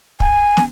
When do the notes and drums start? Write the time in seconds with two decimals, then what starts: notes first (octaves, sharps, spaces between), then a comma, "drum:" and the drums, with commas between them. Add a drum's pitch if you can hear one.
0.20 G#5, drum: kick
0.57 drum: snare